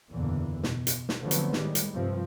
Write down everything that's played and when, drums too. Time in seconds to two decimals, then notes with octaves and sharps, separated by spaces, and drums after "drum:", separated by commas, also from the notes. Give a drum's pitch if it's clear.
0.11 F#1 E2 A#2 D3 E3
0.63 B2, drum: snare
0.87 drum: hi-hat
1.09 drum: snare
1.22 D3 F3 F#3 A3 B3 C4
1.31 drum: hi-hat
1.53 A2 D#3 G3 G#3, drum: snare
1.75 drum: hi-hat
1.94 G2 C3 F3 C4